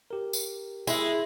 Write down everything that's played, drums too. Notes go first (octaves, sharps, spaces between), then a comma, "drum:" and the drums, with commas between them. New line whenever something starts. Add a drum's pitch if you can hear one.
G4 A#4
drum: tambourine
G#3 E4, drum: tambourine